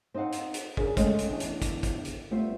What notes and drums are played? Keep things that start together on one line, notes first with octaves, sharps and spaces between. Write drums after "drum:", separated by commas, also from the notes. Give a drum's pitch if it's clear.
C4 D#4 D#5 F5 F#5
drum: hi-hat
drum: hi-hat
C#3 D4 G#4 A#4, drum: kick
G#3 A3 C4 C#4, drum: kick, hi-hat
drum: hi-hat
E2 D4
drum: hi-hat
drum: kick, hi-hat
drum: kick, hi-hat
drum: hi-hat
G3 A3 B3 C4 F4